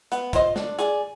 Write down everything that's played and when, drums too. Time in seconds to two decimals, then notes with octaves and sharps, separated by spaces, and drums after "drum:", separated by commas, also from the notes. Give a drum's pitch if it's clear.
0.12 B3, drum: hi-hat
0.33 F4 C5 D#5, drum: kick, hi-hat
0.56 D4, drum: snare
0.79 G#4 D5, drum: hi-hat